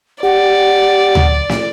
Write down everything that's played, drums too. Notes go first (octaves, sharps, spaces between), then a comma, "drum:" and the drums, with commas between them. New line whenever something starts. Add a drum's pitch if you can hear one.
G4 D5 F#5
drum: tom D2
drum: snare